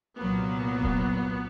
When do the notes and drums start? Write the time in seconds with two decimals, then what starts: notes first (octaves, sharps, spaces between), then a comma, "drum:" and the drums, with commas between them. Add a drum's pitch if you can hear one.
0.19 C2 A#2 F#3 A#3 B3
0.82 drum: kick D#1